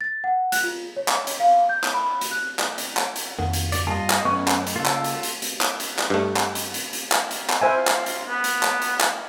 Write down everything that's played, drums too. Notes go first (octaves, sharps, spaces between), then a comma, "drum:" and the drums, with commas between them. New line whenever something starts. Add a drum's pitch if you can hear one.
A6
F#5
F#6, drum: hi-hat
F4
C#5
drum: clap
drum: hi-hat
F5
G6
drum: clap
B5
drum: hi-hat
F#6
drum: clap
drum: hi-hat
drum: clap
drum: hi-hat
F2 D#3 A#3 F#5
drum: hi-hat
G#2 D3 D5, drum: hi-hat
G2 G3 A#3 F4 D#5 A5
drum: clap
F#2 A3 B3 C#4 D#5 C#6
drum: clap
drum: hi-hat
C#3 G#3 A#3 F4 A4
drum: clap
drum: hi-hat
drum: hi-hat
drum: hi-hat
drum: clap
drum: hi-hat
drum: clap
G2 A3
drum: clap
drum: hi-hat
drum: hi-hat
drum: hi-hat
drum: clap
drum: hi-hat
drum: clap
E4 C5 E5 G#5
F4
drum: clap
drum: hi-hat
B3
drum: hi-hat
drum: clap
drum: hi-hat
drum: clap